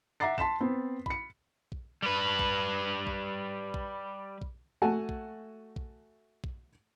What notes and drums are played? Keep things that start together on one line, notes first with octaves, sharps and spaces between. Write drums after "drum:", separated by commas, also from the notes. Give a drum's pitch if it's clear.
E5 F#5 A#5 D6 A6 C7
A5 C6 B6 E7, drum: kick A#1
B3 C4
B5 C#7, drum: kick A#1
drum: kick A#1
G3 B4
drum: kick A#1
drum: kick A#1
drum: kick A#1
drum: kick A#1
A3 F#4 F#5 G#5 A5
drum: kick A#1
drum: kick A#1
drum: kick A#1